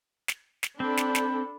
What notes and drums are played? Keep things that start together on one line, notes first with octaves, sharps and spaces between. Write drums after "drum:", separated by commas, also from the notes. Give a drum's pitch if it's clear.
drum: snare
drum: snare
C4 D4 A4 B5
drum: snare
drum: snare